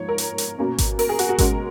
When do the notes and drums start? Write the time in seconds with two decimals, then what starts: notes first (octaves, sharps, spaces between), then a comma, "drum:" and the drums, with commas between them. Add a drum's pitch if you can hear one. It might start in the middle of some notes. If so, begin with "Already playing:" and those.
Already playing: G#2 F3 A#3 C#5
0.08 A#4
0.18 drum: hi-hat
0.38 drum: hi-hat
0.58 B2 A#3 C#4
0.78 drum: kick G#1, hi-hat
0.99 A#4, drum: open hi-hat
1.09 G#4
1.19 F#4, drum: hi-hat
1.29 F#4
1.38 B2 G#3 C#4 A#4, drum: kick G#1, hi-hat